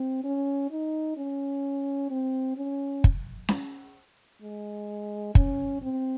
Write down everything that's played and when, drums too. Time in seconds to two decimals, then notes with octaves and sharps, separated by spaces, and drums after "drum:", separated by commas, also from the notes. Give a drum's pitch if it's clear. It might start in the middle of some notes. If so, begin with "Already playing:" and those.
Already playing: C4
0.24 C#4
0.71 D#4
1.17 C#4
2.10 C4
2.57 C#4
3.04 drum: kick
3.49 drum: snare C#4
4.42 G#3
5.35 C#4, drum: kick
5.82 C4